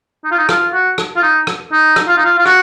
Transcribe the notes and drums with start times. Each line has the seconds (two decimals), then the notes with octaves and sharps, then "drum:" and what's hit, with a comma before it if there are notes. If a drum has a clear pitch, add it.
0.24 D#4
0.31 F4
0.38 D#4
0.49 F4, drum: rim click
0.73 F#4
0.98 drum: rim click
1.16 F4
1.22 D#4
1.47 drum: rim click
1.72 D#4
1.96 drum: rim click
2.08 F4
2.17 D#4
2.24 F4
2.39 F4
2.46 F#4, drum: rim click